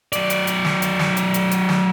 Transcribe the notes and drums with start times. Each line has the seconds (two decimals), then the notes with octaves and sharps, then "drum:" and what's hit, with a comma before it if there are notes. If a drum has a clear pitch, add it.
0.13 F#3 D5, drum: hi-hat
0.30 drum: hi-hat
0.47 drum: hi-hat
0.65 drum: snare
0.82 drum: hi-hat
0.99 drum: snare
1.17 drum: hi-hat
1.34 drum: hi-hat
1.51 drum: hi-hat
1.69 drum: snare